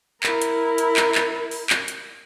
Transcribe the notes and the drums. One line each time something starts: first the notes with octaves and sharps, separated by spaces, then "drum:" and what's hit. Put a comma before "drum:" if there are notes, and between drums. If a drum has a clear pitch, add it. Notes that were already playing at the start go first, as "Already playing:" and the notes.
E4 A#4, drum: clap
drum: hi-hat
drum: hi-hat
drum: clap
drum: clap
drum: open hi-hat
drum: clap
drum: hi-hat